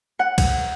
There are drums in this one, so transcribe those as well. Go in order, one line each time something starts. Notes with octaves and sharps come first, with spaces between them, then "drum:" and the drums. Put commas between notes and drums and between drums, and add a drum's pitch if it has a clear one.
F#5
drum: kick C2, cymbal